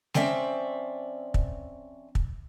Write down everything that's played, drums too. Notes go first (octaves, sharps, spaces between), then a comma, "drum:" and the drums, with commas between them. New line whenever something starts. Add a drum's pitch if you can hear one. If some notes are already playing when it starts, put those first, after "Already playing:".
F3 C4 C#4 D5 E5, drum: snare G#3
drum: kick
drum: kick